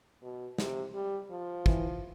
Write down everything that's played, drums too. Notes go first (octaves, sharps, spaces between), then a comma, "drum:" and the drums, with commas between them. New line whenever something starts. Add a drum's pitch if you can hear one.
B2
C3, drum: snare
G3
F3
E3, drum: kick